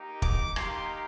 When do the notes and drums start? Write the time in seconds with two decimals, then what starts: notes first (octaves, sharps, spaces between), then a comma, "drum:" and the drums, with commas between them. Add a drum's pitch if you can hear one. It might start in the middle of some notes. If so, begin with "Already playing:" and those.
Already playing: A#3 D#4 G4
0.22 D6, drum: kick
0.56 A#3 D#4 G4 C6, drum: rim click